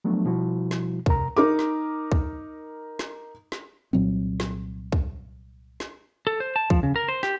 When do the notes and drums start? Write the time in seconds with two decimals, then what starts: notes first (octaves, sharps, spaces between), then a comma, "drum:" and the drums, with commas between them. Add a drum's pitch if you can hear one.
0.04 F3 F#3 A3 B3 D4
0.25 B2 F3 G3 E4 F#4
0.71 drum: snare
1.06 F2 C3 A#4 A#5, drum: kick
1.37 D#4 A#4 D6
1.59 drum: snare
2.12 drum: kick
2.99 drum: snare
3.52 drum: snare
3.93 C2 A#2 F#3 C4
4.40 drum: snare
4.92 drum: kick
5.80 drum: snare
6.27 A4
6.40 C5
6.56 A5
6.70 F3, drum: kick
6.83 C#3
6.96 A#4
7.08 C5
7.23 G4, drum: snare